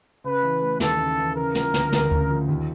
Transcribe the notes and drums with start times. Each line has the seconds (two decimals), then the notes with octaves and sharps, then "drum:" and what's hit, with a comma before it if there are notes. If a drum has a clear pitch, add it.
0.24 C#3 B4
0.43 E3
0.61 A3
0.80 D#2 A4, drum: snare
0.99 C#3
1.18 E3
1.36 C#3 A#4
1.55 F3, drum: snare
1.74 D2, drum: snare
1.92 D2, drum: snare
2.11 C#3, drum: kick D2
2.30 F3
2.49 D#2